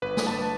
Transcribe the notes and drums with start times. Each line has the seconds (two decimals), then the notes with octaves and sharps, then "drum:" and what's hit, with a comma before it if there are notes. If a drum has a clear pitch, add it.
0.02 G1 B4
0.17 drum: snare
0.27 A5